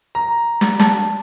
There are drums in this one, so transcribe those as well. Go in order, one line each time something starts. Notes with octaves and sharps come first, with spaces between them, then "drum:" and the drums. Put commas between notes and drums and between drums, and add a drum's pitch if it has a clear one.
A#5
drum: snare
A5, drum: snare